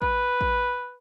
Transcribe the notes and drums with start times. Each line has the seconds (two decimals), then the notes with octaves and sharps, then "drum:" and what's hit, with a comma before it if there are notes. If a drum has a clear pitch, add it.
0.02 B4, drum: kick A#1
0.41 drum: kick A#1